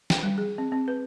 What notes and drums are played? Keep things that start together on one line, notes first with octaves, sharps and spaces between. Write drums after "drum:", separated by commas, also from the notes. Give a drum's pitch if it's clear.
G5, drum: snare
G3
G#4
C4
C4
B4